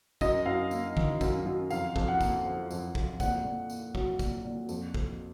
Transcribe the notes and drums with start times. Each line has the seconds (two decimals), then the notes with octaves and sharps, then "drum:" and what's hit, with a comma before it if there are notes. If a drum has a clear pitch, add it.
0.21 F#2 D#5, drum: kick, tambourine
0.46 F#2 F5
0.71 A#3, drum: tambourine
0.97 D#3, drum: kick
1.21 F#2, drum: kick, tambourine
1.46 F#2
1.70 F2 F5, drum: tambourine
1.96 F2, drum: kick
2.08 F#5
2.21 A#3, drum: kick, tambourine
2.46 F3
2.71 F2, drum: tambourine
2.95 F2, drum: kick
3.20 A#2 F#5, drum: kick, tambourine
3.45 A#2
3.70 A#3, drum: tambourine
3.95 F#3, drum: kick
4.19 A#2, drum: kick, tambourine
4.45 A#2
4.69 F2, drum: tambourine
4.94 F2, drum: kick